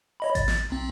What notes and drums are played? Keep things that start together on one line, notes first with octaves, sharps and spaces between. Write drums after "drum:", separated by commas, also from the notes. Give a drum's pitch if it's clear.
C#5 D#5 B5
A6, drum: kick G#1, hi-hat
drum: snare
B1 C4